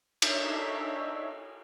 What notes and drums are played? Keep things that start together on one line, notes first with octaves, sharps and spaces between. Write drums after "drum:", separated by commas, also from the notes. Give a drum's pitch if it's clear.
D4 D#4 C#5 E5, drum: cymbal